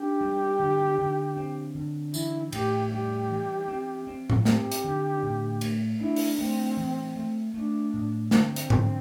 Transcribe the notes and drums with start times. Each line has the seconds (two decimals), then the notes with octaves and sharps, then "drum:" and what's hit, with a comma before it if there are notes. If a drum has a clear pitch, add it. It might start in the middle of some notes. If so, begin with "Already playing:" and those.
Already playing: D4 G4
0.21 G3
0.59 D3
0.98 D3
1.37 C4
1.75 D3
2.14 E3 E4, drum: tambourine
2.52 A2 G4, drum: cymbal
2.91 G3 G4
3.30 E3
3.68 C4
4.07 C4
4.30 drum: tom A2
4.45 C4 G4, drum: snare
4.72 drum: hi-hat
4.84 D3
5.23 A2
5.61 A3, drum: cymbal
6.00 D4 E4
6.16 drum: open hi-hat
6.38 A3 C4
6.77 E3
7.16 A3
7.54 A3 D4
7.94 A2
8.31 D3 C4, drum: snare
8.56 drum: hi-hat
8.70 D3, drum: tom G#2